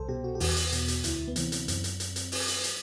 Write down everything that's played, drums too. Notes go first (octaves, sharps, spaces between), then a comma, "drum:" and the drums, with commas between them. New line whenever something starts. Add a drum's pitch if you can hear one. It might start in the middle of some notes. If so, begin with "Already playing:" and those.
Already playing: C2 A4 C5
B2 G4
F#4
G4
E2 F#4, drum: open hi-hat
drum: hi-hat
B2, drum: hi-hat
drum: hi-hat
D2 E4, drum: hi-hat
B3
C3 E3 C4, drum: hi-hat
drum: hi-hat
F#2, drum: hi-hat
drum: hi-hat
drum: hi-hat
drum: hi-hat
drum: open hi-hat
drum: hi-hat
drum: hi-hat